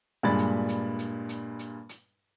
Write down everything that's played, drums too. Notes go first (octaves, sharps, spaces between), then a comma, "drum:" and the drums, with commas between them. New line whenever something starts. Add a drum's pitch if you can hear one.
G2 A#2 G#3 D4 B5 A6
drum: hi-hat
drum: hi-hat
drum: hi-hat
drum: hi-hat
drum: hi-hat
drum: hi-hat